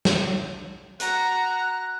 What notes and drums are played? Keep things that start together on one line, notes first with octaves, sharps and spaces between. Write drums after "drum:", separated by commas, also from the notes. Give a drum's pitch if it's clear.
drum: snare
F#4 A#5 F#6, drum: hi-hat